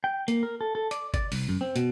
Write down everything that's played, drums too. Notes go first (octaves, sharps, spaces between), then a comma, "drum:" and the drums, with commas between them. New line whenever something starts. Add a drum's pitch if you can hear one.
G5
A#3, drum: hi-hat
A#4
A4
A4
D5, drum: hi-hat
D5, drum: kick G1, hi-hat
C2, drum: open hi-hat
F#2
C4
B2, drum: hi-hat